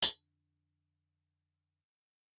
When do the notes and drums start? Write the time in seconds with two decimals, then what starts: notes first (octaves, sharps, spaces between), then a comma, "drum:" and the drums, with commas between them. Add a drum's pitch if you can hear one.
0.02 F2 D3 D4, drum: tambourine